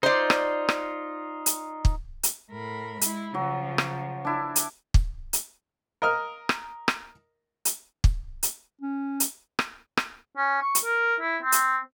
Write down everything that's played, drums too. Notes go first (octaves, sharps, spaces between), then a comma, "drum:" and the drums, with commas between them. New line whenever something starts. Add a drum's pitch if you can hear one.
D#4 F4 C5 D5
drum: rim click
drum: rim click
drum: hi-hat
drum: kick
drum: hi-hat
A2 A#4 B5
G#3 E4, drum: hi-hat
C#3 F3 F#3
drum: rim click
D4 E4
drum: hi-hat
drum: kick
drum: hi-hat
A#4 D#5 F6
drum: rim click
drum: rim click
drum: hi-hat
drum: kick
drum: hi-hat
C#4
drum: hi-hat
drum: rim click
drum: rim click
C#4
C#6
drum: hi-hat
A#4
E4
C4
drum: hi-hat